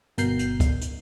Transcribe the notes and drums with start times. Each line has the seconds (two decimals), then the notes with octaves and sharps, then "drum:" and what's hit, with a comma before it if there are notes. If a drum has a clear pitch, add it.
0.18 G1 B2 A#4 G6 C7, drum: hi-hat
0.39 drum: hi-hat
0.60 drum: kick C#2, hi-hat
0.81 drum: hi-hat